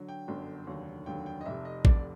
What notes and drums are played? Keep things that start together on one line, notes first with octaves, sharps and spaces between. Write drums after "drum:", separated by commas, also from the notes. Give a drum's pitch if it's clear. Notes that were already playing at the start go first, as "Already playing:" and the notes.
Already playing: D3 F#3
G5
G1 F#2 D3 F#3
F1 D#2 D3 F#3
F1 D#2 D3 F#3 G5
G5
D#5
F1 F2 C3 E5
D#5
F1 F2 C3 D5, drum: kick